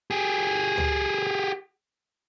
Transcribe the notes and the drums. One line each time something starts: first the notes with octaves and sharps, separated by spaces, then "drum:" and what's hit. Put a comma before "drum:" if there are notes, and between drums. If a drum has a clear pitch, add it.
G4 G#4
drum: tom